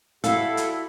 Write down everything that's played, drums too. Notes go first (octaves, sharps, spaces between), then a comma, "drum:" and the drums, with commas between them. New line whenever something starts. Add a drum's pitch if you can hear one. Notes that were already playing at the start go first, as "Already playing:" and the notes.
G3 E4 F#4 A4 F5 B5, drum: hi-hat
drum: hi-hat